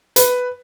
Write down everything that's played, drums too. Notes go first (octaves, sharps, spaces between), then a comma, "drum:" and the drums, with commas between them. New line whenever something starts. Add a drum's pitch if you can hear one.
B4, drum: hi-hat